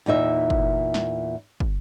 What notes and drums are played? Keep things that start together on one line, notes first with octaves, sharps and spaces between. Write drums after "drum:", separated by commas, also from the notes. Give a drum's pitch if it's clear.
E2 A#2 D#4 E5
drum: kick
drum: snare
drum: kick